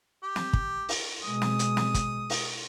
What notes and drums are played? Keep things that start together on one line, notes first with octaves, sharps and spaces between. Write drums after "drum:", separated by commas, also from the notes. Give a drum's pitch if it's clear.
G4
drum: snare
drum: kick
drum: open hi-hat
B2 G#3 D#6
drum: snare
drum: hi-hat
drum: snare
drum: kick, hi-hat
drum: open hi-hat